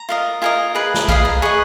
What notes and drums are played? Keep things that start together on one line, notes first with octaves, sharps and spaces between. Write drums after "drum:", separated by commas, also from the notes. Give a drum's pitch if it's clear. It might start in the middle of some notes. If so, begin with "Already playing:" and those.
Already playing: A#5
F4 A#4 D#5
F4 A#4 D#5 G#5
G#4 B4 D#5
drum: snare
G#4 B4 D#5 F5, drum: kick B1
A#5
G#4 B4 D#5 C#6